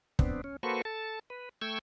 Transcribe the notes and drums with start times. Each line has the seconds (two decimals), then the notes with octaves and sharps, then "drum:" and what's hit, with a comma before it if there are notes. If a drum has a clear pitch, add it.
0.19 B3 C4 D4, drum: kick
0.44 C#4
0.63 A#3 F#4 A4 B4 C5 C#6
0.85 A4 A5
1.30 B4
1.61 A3 G5 C#6 E6 G#6